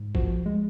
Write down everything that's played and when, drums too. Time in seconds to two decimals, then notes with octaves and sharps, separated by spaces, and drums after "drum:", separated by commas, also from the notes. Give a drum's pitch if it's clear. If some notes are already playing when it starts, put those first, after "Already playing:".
Already playing: G#2
0.15 F3 F#4, drum: kick
0.46 G#3